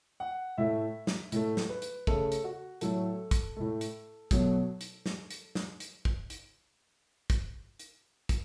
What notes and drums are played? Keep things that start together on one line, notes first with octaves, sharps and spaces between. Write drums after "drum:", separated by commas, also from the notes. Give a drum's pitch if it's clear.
F#5
A2 A3 E5
drum: snare
A2 A3, drum: hi-hat
drum: snare
B4
drum: hi-hat
C#3 A3 A4, drum: kick
drum: hi-hat
F#4
A2 F#3 A3 A4, drum: hi-hat
drum: kick, hi-hat
A2 A3
drum: hi-hat
B2 F#3 A3, drum: kick, hi-hat
drum: hi-hat
drum: snare
drum: hi-hat
drum: snare
drum: hi-hat
drum: kick
drum: hi-hat
drum: kick, hi-hat
drum: hi-hat
drum: kick, hi-hat